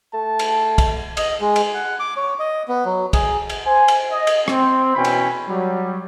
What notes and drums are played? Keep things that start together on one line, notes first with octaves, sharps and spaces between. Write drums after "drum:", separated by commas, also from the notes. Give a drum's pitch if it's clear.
A3 A5
drum: cymbal
drum: kick, cymbal
D#5, drum: cymbal
G#3
drum: cymbal
F#5
D6
C#5
D#5
B3
F#3
G#4, drum: kick, cymbal
drum: cymbal
C5 G#5
drum: cymbal
D#5
drum: cymbal
C4, drum: rim click
B2 E3 C#4 G5 B5
drum: cymbal
F#3 G3